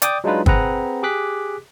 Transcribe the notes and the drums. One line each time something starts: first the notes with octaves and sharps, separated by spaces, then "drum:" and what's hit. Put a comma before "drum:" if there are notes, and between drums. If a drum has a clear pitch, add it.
D5 G5 D6 D#6 G6, drum: hi-hat
F#3 G#3 D4 D#4 F4 B4
C4 G#4 B4 F#5 A#5, drum: kick
G4 G#4 D6 F#6 B6